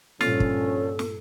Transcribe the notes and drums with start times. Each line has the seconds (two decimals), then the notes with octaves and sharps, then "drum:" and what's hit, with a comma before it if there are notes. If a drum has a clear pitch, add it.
0.21 G2 A#2 D3 F3 C#4 F4 A4, drum: snare
0.40 drum: kick
0.99 drum: snare